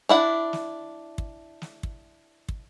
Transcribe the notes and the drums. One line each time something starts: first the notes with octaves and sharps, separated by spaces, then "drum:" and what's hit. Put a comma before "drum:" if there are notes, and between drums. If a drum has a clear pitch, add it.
D4 E4 F#5
drum: snare
drum: kick
drum: snare
drum: kick
drum: kick